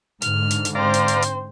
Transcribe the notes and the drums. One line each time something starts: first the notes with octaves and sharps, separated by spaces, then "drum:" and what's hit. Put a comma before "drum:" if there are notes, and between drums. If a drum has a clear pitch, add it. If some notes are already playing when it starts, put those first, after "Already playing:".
G#2 D3 F6, drum: hi-hat
drum: hi-hat
drum: hi-hat
C4 C5 D5 F5 A#5
drum: hi-hat
drum: hi-hat
drum: hi-hat